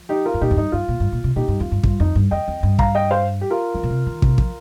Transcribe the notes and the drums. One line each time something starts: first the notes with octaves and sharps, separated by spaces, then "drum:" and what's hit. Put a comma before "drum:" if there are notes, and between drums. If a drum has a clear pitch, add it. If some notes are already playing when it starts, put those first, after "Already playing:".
Already playing: F3
D#4 G4
F4 A#4
G2
A#2 D#4 G4
F2
G2 D#4
G2 F4
A#2
G2
A#2
C3
A#2 D#4 G4
G2
F2 F4
G2
G2 F4, drum: kick
F2 D#4
G2
F2 D#5 G5
F2
G2
F5 A#5, drum: kick
D#5 G5
C5 F5
G4
F4 A#4
F3
A#2
C3
D#3
C3, drum: kick
F3, drum: kick